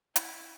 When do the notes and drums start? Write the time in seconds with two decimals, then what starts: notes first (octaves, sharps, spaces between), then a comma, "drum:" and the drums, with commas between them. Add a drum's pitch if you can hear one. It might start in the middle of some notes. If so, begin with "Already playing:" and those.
0.16 E4, drum: hi-hat